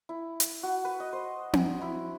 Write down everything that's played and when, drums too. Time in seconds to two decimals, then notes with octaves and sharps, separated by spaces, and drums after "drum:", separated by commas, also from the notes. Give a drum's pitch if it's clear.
0.09 E4
0.40 drum: hi-hat
0.63 F#4
0.85 B4
1.00 D#5
1.13 C5
1.53 drum: tom C4
1.81 E4